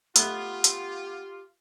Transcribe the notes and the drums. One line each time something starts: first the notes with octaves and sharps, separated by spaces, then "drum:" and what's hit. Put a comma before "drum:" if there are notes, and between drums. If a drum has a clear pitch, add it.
A3 B3 F4 G4 F#6, drum: hi-hat
drum: hi-hat